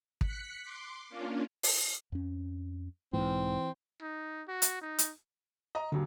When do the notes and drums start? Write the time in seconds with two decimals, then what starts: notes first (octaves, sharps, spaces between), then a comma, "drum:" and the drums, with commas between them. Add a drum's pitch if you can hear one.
0.21 F#6 B6 C#7, drum: kick
0.63 C6 D6
1.09 A#3 C#4 D4 F4
1.63 drum: open hi-hat
2.12 F2 C#4
3.13 B1 G#2 E3 C4
4.02 D#4
4.48 F#4
4.62 drum: hi-hat
4.82 D#4
4.99 drum: hi-hat
5.75 D#5 A#5
5.92 D#1 D3 F#3